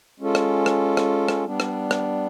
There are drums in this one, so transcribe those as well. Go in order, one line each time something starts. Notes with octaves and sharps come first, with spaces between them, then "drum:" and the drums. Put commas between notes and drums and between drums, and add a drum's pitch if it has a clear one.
G#3 C#4 F4 A4
drum: rim click
drum: rim click
drum: rim click
drum: rim click
G3 B3 D4
drum: rim click
drum: rim click